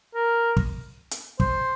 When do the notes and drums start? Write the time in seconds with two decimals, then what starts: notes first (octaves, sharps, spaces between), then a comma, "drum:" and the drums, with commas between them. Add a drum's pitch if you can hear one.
0.15 A#4
0.57 drum: kick
1.11 drum: hi-hat
1.40 C5, drum: kick